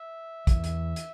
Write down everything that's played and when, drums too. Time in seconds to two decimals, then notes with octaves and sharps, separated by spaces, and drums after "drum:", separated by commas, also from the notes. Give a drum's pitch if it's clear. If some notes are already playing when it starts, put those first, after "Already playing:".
Already playing: E5
0.47 E2 E3, drum: kick, hi-hat
0.64 drum: hi-hat
0.96 drum: hi-hat